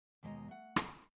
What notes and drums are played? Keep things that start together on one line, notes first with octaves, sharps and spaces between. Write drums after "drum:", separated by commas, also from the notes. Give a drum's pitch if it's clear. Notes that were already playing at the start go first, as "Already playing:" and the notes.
D#2 B2 G#3 D#5 G#5 A#5
A3 F#5
drum: rim click